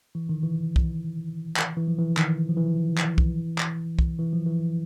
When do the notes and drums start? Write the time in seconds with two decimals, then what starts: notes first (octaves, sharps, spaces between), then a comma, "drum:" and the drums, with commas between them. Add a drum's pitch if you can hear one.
0.15 E3
0.29 D#3
0.43 E3
0.76 drum: kick
1.57 drum: clap
1.77 E3
1.87 F3
1.98 E3
2.17 D#3, drum: clap
2.49 F3
2.57 E3
2.98 drum: clap
3.18 drum: kick
3.58 drum: clap
3.99 drum: kick
4.19 E3
4.33 F3
4.46 E3